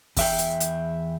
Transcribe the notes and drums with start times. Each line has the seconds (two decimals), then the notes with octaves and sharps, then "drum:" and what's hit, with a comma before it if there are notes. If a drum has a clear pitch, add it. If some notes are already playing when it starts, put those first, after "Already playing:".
0.17 E2 E5 G5, drum: kick, open hi-hat
0.38 drum: hi-hat
0.60 drum: hi-hat